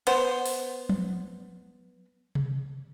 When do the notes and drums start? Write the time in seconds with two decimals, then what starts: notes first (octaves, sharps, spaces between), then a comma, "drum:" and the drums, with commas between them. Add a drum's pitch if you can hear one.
0.07 B3 C5, drum: cymbal
0.46 drum: open hi-hat
0.89 drum: tom F3
2.35 drum: tom C3